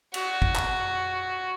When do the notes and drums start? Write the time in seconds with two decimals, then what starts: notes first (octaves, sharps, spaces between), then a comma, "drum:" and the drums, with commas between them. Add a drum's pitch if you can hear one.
0.14 F#4, drum: cymbal
0.42 drum: kick
0.55 drum: clap